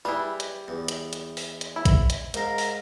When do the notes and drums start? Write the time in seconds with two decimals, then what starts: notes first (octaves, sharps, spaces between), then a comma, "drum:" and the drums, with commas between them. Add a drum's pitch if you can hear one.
0.05 G3 E4 G#4 B4
0.40 drum: hi-hat
0.68 E2
0.88 drum: hi-hat
1.13 drum: hi-hat
1.37 drum: open hi-hat
1.61 drum: hi-hat
1.76 E4
1.85 drum: kick, hi-hat
2.10 drum: hi-hat
2.34 G#2 A#4 F5, drum: hi-hat
2.58 drum: open hi-hat